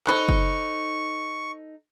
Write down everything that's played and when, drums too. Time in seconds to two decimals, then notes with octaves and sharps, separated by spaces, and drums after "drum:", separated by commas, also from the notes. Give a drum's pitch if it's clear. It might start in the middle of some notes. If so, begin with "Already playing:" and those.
0.07 D#4 A4 C5 B5 C#6 F#6, drum: clap
0.29 drum: kick F#1